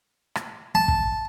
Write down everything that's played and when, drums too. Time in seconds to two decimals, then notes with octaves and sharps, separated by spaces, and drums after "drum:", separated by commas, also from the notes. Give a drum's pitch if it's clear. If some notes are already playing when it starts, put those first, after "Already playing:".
0.35 drum: rim click
0.75 A5
0.88 drum: kick